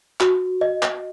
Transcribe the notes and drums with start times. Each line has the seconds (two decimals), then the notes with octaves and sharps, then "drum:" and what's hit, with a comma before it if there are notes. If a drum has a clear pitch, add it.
0.20 F#4, drum: clap
0.61 D#5
0.83 drum: clap